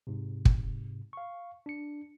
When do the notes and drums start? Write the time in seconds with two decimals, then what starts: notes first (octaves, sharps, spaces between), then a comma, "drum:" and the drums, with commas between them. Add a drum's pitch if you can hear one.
0.07 G#2 C3
0.45 drum: kick
1.13 F5 C#6
1.66 D4 C#7